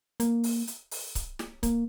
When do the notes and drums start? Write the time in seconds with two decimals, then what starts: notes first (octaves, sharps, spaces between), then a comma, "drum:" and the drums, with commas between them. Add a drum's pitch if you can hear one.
0.20 A#3, drum: hi-hat
0.44 drum: open hi-hat
0.67 drum: hi-hat
0.91 drum: open hi-hat
1.15 drum: kick C#1, hi-hat
1.39 drum: snare
1.63 A#3, drum: kick C#1, hi-hat